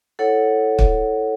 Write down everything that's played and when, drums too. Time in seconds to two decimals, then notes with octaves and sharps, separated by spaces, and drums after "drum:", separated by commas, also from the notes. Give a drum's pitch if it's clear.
0.19 E4 A4 C#5 F#5
0.79 drum: kick